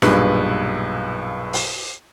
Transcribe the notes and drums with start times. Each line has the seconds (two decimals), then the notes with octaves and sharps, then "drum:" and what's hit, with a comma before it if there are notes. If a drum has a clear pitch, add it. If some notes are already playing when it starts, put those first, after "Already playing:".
0.02 B1 G2 A#2 G#4 B4, drum: snare D#4
1.53 drum: open hi-hat